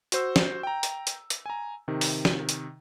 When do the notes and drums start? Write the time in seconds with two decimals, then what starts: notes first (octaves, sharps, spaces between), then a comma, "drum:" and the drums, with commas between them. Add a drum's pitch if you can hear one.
0.12 F#4 C5 E6, drum: hi-hat
0.36 drum: snare
0.63 G5 A#5
0.83 drum: hi-hat
1.07 drum: hi-hat
1.30 drum: hi-hat
1.46 G#5 A#5
1.88 C3 D#3
2.01 drum: open hi-hat
2.25 drum: snare
2.49 drum: hi-hat